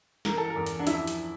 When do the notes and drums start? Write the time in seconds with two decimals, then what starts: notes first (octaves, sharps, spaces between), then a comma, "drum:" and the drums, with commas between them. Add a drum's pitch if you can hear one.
0.25 E3 A#4, drum: snare
0.38 A4
0.50 A#4
0.56 E2
0.67 drum: hi-hat
0.79 D4
0.87 F3 E4, drum: hi-hat
1.07 drum: hi-hat